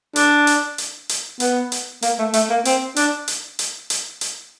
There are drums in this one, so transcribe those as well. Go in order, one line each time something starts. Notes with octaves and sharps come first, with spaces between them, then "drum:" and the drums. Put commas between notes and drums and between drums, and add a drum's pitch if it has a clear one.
D4, drum: hi-hat
drum: hi-hat
drum: hi-hat
drum: hi-hat
B3, drum: hi-hat
drum: hi-hat
A#3, drum: hi-hat
A3
A3, drum: hi-hat
A#3
C4, drum: hi-hat
D4, drum: hi-hat
drum: hi-hat
drum: hi-hat
drum: hi-hat
drum: hi-hat